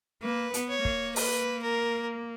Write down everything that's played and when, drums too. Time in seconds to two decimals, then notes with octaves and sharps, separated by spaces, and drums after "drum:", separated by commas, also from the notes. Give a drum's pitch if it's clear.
0.22 A#3 B4
0.54 B3, drum: hi-hat
0.69 C#5
0.85 A#3, drum: kick
1.16 B4, drum: open hi-hat
1.63 A#4